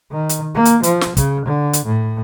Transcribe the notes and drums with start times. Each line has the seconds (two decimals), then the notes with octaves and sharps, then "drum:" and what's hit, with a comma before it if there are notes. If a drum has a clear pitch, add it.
0.11 D#3
0.29 drum: hi-hat
0.55 A#3
0.65 drum: hi-hat
0.83 F3, drum: hi-hat
1.01 drum: snare
1.17 C#3, drum: kick, hi-hat
1.46 D3
1.73 drum: hi-hat
1.86 A2